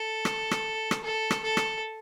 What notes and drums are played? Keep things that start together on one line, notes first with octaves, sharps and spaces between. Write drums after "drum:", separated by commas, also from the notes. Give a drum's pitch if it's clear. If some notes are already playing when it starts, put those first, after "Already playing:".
Already playing: A4
drum: rim click
drum: rim click
drum: rim click
A4
drum: rim click
A4
drum: rim click